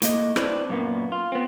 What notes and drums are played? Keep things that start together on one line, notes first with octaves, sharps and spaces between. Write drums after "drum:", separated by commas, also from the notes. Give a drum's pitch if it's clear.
A2 A#3 D#5, drum: hi-hat
C4 D4 E4 B4 C5 D5, drum: rim click
F#2 A#2 A#3 B3
F4
B3 C4